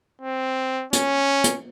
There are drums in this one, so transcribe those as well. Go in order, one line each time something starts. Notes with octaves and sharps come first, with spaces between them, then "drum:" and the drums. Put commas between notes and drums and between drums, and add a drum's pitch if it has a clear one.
C4
C#4, drum: hi-hat
drum: hi-hat